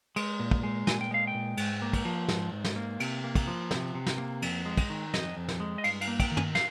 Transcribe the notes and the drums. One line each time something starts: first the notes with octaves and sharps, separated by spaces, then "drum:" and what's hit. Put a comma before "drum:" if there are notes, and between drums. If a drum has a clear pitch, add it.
G#3, drum: cymbal
A#2
drum: kick
G#3
A#2 G#5, drum: snare
G5
G#3 F5
G5
A#2
G#2, drum: cymbal
A#3
drum: kick, cymbal
F3
G#2, drum: snare
G#2
drum: snare
A#3
C3, drum: cymbal
A#3
drum: kick, cymbal
F3
C3, drum: snare
C3
drum: snare
A#3
F2, drum: cymbal
G#3
drum: kick, cymbal
D#3
F2 D#5, drum: snare
F2
drum: snare
G#3
D#5
G2 F5, drum: cymbal
F5, drum: cymbal
A#3
G5, drum: kick, cymbal
D#3
G#5, drum: tom
F5, drum: snare